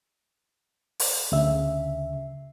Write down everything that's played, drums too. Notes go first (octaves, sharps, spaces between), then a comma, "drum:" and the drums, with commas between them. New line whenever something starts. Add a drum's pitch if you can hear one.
drum: open hi-hat
D2 C#3 E5